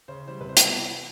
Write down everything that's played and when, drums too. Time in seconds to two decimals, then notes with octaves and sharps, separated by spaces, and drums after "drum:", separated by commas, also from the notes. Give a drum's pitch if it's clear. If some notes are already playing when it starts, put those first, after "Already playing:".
0.08 C#3 C5
0.25 E3 G3 C5
0.41 C3 B4
0.49 C5
0.57 E3 G3 B4, drum: hi-hat